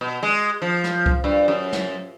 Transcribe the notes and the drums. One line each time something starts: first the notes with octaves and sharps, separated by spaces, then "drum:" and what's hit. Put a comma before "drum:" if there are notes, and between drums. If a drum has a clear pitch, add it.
B2
G#3
F3
drum: snare
drum: kick C2
G2
F#2
drum: snare